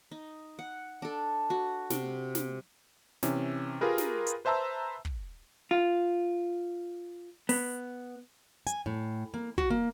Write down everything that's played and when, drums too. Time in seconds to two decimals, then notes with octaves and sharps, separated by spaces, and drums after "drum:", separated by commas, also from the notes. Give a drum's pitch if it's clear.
0.11 D#4
0.59 F#5
1.02 D4 A4
1.50 F#4
1.90 C3, drum: snare
2.35 drum: snare
3.23 C3 E3 C#4, drum: snare
3.81 F4 G4 G#4 A#4 B4
3.98 drum: snare
4.27 drum: hi-hat
4.45 B4 C5 E5 A5 A#5 E6
5.05 drum: kick
5.71 F4
7.49 B3, drum: open hi-hat
8.67 G#5, drum: hi-hat
8.86 A2
9.34 A#3
9.58 F#4, drum: kick
9.70 A#3